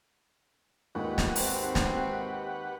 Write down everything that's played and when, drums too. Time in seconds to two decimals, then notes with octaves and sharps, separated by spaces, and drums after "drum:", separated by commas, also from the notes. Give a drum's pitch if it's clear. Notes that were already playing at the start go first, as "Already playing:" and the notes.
0.95 D#2 A#2 G#3 G4 B4 F#5
1.18 drum: snare
1.36 G#1 C4, drum: open hi-hat
1.75 drum: snare